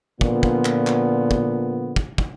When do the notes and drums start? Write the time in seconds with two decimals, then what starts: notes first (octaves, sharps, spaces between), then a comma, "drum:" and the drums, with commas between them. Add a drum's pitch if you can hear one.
0.21 A#2 D3 F3 B3, drum: kick
0.43 drum: kick
0.65 drum: clap
0.87 drum: clap
1.31 drum: kick
1.96 drum: kick
2.18 drum: kick